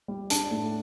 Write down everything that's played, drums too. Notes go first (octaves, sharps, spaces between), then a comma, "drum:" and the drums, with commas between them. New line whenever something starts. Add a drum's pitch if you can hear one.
G3
D4 A5, drum: hi-hat
A2